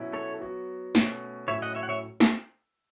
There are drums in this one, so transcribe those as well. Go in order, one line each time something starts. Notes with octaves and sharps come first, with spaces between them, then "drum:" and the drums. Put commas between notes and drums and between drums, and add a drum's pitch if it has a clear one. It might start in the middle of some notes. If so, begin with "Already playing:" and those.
Already playing: B2 F#3 C#4 E4
A4 C#5
F#3 B3 F#4
B2 A3 C#4, drum: snare
A2 F#3 A3 C#4 E4 C#5 E5
D#5 F#5
C#5 E5
F#5
C#5 E5
drum: snare